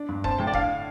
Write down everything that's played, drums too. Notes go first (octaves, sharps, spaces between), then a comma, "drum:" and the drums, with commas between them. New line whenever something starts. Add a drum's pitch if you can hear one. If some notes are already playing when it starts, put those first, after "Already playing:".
Already playing: D4
G2
C4 A5, drum: kick E1
A2 G5
D5
D4 F5, drum: kick E1
D3